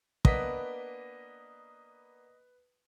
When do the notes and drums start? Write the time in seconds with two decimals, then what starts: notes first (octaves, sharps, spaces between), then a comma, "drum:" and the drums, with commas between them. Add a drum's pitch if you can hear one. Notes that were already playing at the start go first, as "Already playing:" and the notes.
0.25 A#3 B3 D4 B4 D#5 B6, drum: kick